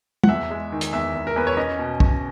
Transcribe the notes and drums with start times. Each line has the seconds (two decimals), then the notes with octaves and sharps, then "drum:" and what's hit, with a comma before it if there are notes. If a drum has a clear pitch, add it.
0.24 F#5, drum: tom
0.29 E2 E5
0.51 G#3
0.72 D#3
0.81 drum: hi-hat
0.93 E2 E5
1.15 E2
1.27 A#4
1.36 E2 B4
1.47 C#5
1.57 C#4 D#5
1.79 B2
2.00 C#4, drum: kick